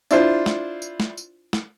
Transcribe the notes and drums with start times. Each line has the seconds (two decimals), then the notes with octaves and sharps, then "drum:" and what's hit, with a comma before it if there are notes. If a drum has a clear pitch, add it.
0.11 D4 E4 F4 C5, drum: tambourine
0.46 drum: snare
0.82 drum: tambourine
1.00 drum: snare
1.17 drum: tambourine
1.53 drum: snare